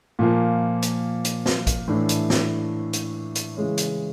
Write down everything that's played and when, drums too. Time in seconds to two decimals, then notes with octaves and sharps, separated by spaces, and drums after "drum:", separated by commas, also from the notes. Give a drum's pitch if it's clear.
0.19 A#2 F3 A#3
0.82 drum: hi-hat
1.25 drum: hi-hat
1.46 drum: snare
1.67 drum: kick, hi-hat
1.88 A2 E3 A3 D4
2.09 drum: hi-hat
2.30 drum: snare
2.93 drum: hi-hat
3.35 drum: hi-hat
3.56 C#3 E3 G#3 C#4
3.78 drum: hi-hat